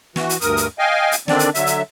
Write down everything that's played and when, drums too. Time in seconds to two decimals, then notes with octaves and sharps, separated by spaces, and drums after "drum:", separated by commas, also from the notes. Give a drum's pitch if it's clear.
0.16 E3 F#4, drum: snare
0.29 drum: hi-hat
0.41 D2 G2 A#4 D#6, drum: hi-hat
0.57 drum: hi-hat
0.79 D#5 F5 G5 G#5
1.12 drum: hi-hat
1.28 D3 D#3 C4 D4 D5, drum: snare
1.39 drum: hi-hat
1.55 D3 F#3 E5, drum: hi-hat
1.66 drum: hi-hat